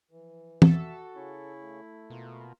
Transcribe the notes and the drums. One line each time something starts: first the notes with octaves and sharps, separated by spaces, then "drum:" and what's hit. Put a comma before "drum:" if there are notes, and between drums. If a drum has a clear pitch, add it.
E3 F3
F#4 A4 E5, drum: tom E3
C#3 C#4 E4 C#6
A3
B2 A#3 F4 A#4